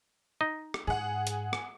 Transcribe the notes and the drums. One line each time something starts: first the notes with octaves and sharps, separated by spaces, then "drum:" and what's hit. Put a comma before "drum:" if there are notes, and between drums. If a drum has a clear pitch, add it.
D#4 D#5
drum: rim click
G#2 G#4 F#5
drum: hi-hat
drum: rim click